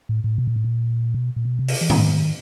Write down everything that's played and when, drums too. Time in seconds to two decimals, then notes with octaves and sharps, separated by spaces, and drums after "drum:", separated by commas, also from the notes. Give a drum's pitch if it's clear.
0.09 A2
0.24 A2
0.38 B2
0.47 A#2
0.56 A2
0.64 A#2
1.14 B2
1.36 A#2
1.45 B2
1.59 C3
1.68 drum: open hi-hat
1.81 E3
1.90 D#3, drum: tom G#2